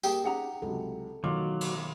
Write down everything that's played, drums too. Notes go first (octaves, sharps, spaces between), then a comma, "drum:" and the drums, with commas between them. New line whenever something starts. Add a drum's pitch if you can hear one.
G3 A#3 G4 G#4 A5, drum: tambourine
C#4 D#4 G4 G#4 F#5 A#5
C#2 C3 F#3 A4
A1 B2 D#3 F#3 F4 D6
drum: cymbal